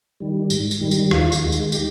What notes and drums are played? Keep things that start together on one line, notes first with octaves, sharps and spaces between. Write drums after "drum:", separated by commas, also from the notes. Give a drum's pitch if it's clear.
D#3 G3
G#2, drum: tambourine
drum: tambourine
D#3 G3
drum: tambourine
D#2 F4, drum: rim click
drum: tambourine
D#3 G#3
drum: tambourine
G4, drum: tambourine